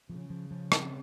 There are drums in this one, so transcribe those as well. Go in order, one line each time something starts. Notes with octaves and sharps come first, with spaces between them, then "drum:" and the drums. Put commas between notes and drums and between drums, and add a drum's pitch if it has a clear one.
C#3 F3
F3
F3
C4, drum: rim click